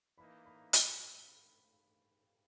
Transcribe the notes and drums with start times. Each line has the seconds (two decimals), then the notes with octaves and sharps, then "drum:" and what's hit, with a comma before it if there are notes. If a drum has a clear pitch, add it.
0.18 E3 A#3 D#4 B5
0.46 B5
0.73 B5, drum: hi-hat